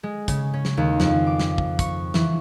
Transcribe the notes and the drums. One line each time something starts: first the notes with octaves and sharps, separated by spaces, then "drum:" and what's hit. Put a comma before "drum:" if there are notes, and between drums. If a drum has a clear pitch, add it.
G#3
C#3, drum: kick, hi-hat
C#4
drum: snare
D#2
F2, drum: snare
D6
drum: snare
drum: kick
C#6, drum: kick, hi-hat
E3, drum: snare